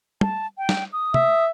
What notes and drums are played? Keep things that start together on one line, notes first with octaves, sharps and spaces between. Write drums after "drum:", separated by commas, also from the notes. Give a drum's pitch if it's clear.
A5, drum: tom
G5
drum: snare
D#6
E5, drum: tom